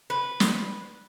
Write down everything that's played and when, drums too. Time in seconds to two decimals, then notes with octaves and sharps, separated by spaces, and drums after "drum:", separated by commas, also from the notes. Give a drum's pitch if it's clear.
0.10 B4
0.40 drum: snare